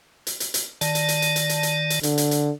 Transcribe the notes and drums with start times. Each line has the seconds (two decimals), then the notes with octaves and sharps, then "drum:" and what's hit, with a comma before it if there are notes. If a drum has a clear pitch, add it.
0.27 drum: hi-hat
0.40 drum: hi-hat
0.54 drum: hi-hat
0.81 D#3 D5 A5, drum: hi-hat
0.95 drum: hi-hat
1.08 drum: hi-hat
1.22 drum: hi-hat
1.36 drum: hi-hat
1.49 drum: hi-hat
1.63 drum: hi-hat
1.90 drum: hi-hat
2.03 D3, drum: hi-hat
2.18 drum: hi-hat
2.31 drum: hi-hat